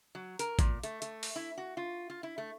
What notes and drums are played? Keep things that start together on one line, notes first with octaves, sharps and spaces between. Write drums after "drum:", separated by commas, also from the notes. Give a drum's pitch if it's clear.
F#3
A#4, drum: hi-hat
A#2, drum: kick, hi-hat
A3, drum: hi-hat
A3, drum: hi-hat
drum: open hi-hat
E4
F#4
F4
F4
E4
A3